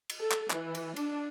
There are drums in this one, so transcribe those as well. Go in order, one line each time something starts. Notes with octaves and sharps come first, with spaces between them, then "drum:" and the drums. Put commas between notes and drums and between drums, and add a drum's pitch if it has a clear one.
drum: cymbal
A4
drum: clap
E3, drum: clap
drum: cymbal
D4, drum: cymbal